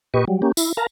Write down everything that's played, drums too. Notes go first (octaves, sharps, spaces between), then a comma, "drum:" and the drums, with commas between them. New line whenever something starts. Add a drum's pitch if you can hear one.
A#2 G4 B4 D#5 C#6
F#3 G3
A#3 C#4 G4
E4, drum: tambourine
A#4 F5 A5 A#5